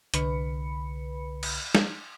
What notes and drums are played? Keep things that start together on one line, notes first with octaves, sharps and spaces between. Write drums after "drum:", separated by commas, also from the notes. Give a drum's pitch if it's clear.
C2 D3 B4 B5 C#7, drum: hi-hat
drum: cymbal
drum: snare